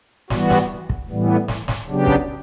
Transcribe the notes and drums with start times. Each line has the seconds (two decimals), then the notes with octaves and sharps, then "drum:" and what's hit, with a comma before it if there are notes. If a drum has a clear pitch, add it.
0.30 E3 G3 B3 F#4, drum: snare
0.50 drum: snare
0.90 drum: kick
1.09 A2 E3 G3 B3
1.48 drum: snare
1.68 drum: snare
1.88 C#3 F#3 B3 D4 G4
2.07 drum: kick